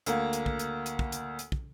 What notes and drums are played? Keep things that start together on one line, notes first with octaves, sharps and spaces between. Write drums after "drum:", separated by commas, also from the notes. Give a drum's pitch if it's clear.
D2 A#3, drum: hi-hat
drum: hi-hat
drum: kick
drum: hi-hat
drum: hi-hat
drum: kick
drum: hi-hat
drum: hi-hat
drum: kick